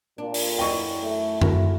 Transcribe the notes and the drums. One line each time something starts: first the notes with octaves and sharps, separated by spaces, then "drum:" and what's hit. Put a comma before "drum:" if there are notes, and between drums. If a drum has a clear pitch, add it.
A#2 D4
drum: open hi-hat
F#2 E3 D#5 G5 C#6
A3
E4 F#4 A#4, drum: tom F#2